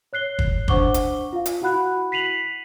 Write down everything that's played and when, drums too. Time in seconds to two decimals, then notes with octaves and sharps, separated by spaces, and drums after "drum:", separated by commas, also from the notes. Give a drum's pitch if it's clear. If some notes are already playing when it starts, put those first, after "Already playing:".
0.13 C#5 F#6 C7 G7
0.39 drum: kick
0.68 D4 C5 F#5 C#6 D6 G7, drum: kick
0.94 drum: hi-hat
1.33 F4 F5
1.46 drum: hi-hat
1.61 E4 F#4 F#5 B5 F#6
2.12 B6 C7 D#7 F7 F#7